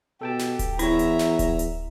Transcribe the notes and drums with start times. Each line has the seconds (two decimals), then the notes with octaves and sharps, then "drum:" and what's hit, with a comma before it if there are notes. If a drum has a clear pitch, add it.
0.21 B2 G4 A4 G5 A5
0.39 drum: snare
0.59 drum: kick D1, hi-hat
0.79 E2 E4 C#5 E5 A#5 A#6, drum: hi-hat
0.99 drum: hi-hat
1.19 drum: snare
1.39 drum: kick D1, hi-hat
1.59 drum: hi-hat